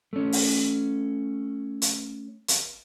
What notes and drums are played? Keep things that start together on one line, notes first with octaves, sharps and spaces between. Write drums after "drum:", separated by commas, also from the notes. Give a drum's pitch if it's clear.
A3 C#4
drum: open hi-hat
drum: hi-hat
drum: hi-hat